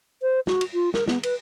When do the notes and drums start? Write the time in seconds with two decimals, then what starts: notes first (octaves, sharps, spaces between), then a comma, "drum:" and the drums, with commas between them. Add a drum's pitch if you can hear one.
0.22 C5
0.47 F#4, drum: snare
0.61 drum: cymbal
0.74 F4
0.94 A#4, drum: snare
1.08 B3, drum: snare
1.23 B4, drum: cymbal